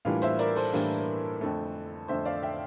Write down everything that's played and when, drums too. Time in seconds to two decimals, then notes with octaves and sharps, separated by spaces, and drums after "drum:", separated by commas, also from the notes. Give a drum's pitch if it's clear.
0.05 A2 E3 G3 A#3 D4 F4
0.22 C5 E5, drum: hi-hat
0.39 A#4 D5, drum: hi-hat
0.56 A4 C5, drum: open hi-hat
0.73 A2 E3 G3 A#3 D4, drum: open hi-hat
1.41 F2 D3 A3
2.08 F2 D3 A3 C5 E5
2.25 D5 F5
2.43 E5 G5